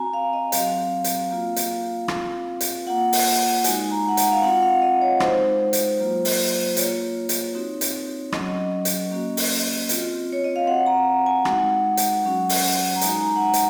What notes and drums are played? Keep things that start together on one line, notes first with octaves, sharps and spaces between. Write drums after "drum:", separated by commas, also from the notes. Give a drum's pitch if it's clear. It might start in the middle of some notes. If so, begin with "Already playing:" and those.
Already playing: C4 F#4 G#5 A#5
F5
D#5
F#3 C4 F#4 F5, drum: hi-hat
drum: hi-hat
A#3 F4
drum: hi-hat
C4 F4, drum: rim click
drum: hi-hat
A#3 F4 F#5
drum: open hi-hat
G#3 D#4 F#4 G#5, drum: hi-hat
A#5
F#5
G#5, drum: hi-hat
F5
C4 F4 F#5
F5
D#5
C#5
G#3 D#4 F#4 C5, drum: rim click
drum: hi-hat
F#3 A#3 F4
drum: open hi-hat
A#3 F4 C#5, drum: hi-hat
drum: hi-hat
C4 D#4 F#4
drum: hi-hat
F#3 C#4 F#4 D#5, drum: rim click
drum: hi-hat
A#3 C#4 F#4
drum: open hi-hat
C4 F4, drum: hi-hat
C#5
D#5
F5
C4 F#4 F#5
A#5
G#5
G#3 D#4 F#4 F#5, drum: rim click
drum: hi-hat
F#3 C#4 F#4
drum: open hi-hat
A#5
G#3 D#4 F#4 G#5, drum: hi-hat
A#5
F#5
G#5
drum: hi-hat